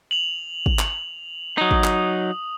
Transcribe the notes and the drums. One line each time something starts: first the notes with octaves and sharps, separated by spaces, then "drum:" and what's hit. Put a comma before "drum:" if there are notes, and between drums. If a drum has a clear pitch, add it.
F7 F#7
drum: kick
drum: clap
F#3 D#4 D#6
drum: kick
drum: clap